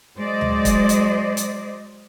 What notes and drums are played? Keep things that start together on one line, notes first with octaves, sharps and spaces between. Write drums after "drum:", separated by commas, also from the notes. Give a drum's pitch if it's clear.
F#3 G#3 C5 D5 D#5
drum: tom D2
drum: kick, hi-hat
drum: hi-hat
drum: hi-hat